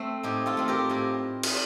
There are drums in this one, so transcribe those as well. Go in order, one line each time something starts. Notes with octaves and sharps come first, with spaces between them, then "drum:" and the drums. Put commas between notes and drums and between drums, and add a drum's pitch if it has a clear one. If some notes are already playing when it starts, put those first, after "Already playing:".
Already playing: A3 C4
A2 D#4 G4
F4 A4
A3 C4
G4 A#4
A2 G4 A#4
drum: cymbal